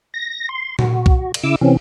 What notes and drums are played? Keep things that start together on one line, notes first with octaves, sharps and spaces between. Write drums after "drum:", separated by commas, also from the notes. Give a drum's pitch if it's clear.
A#6
C6
F#4, drum: tom A#2
drum: kick C2
drum: cymbal
C#3 E4 D6 E6
C3 E3 C4 C#4